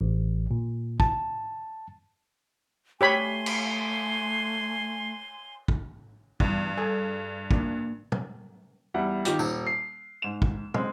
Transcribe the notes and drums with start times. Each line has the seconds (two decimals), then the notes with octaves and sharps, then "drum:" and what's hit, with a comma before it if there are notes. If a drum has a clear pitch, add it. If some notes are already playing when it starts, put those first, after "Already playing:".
0.01 A1
0.51 A#2
1.00 A5, drum: kick
3.01 A3 G4 C#5 G#5 B5 C6
3.46 drum: cymbal
5.68 drum: kick
6.40 E2 G2, drum: kick
6.77 G#4 A4 G#5
7.51 A#3 D4, drum: kick
8.12 drum: tom
8.94 E2 G3 E4 F#5
9.25 D#3 D#4 F4 G4, drum: hi-hat
9.39 D#1, drum: tambourine
9.67 C7
10.22 G#2 E7
10.42 drum: kick
10.74 G#3 C4, drum: tom